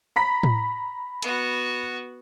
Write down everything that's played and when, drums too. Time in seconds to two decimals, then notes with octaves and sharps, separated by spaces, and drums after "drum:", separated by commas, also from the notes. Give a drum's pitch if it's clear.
0.16 A#5 B5 B6
0.43 drum: tom A2
1.22 B3 F#4, drum: hi-hat